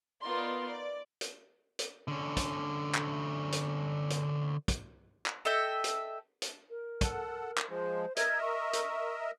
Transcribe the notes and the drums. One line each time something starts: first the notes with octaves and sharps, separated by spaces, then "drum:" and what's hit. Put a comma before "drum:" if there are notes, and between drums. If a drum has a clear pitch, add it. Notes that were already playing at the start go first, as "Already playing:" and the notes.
B3 D#4 F4 A#4 D5 C6
D5
drum: hi-hat
drum: hi-hat
D3 C#4
drum: kick, hi-hat
drum: clap
drum: hi-hat
drum: hi-hat
drum: kick, hi-hat
drum: clap
A4 D#5 E5 G5
drum: hi-hat
drum: hi-hat
A#4
A4 F#5, drum: kick, hi-hat
drum: clap
F3 G#3 C5
A#4 D#5 E5 G#6, drum: hi-hat
C#6
drum: hi-hat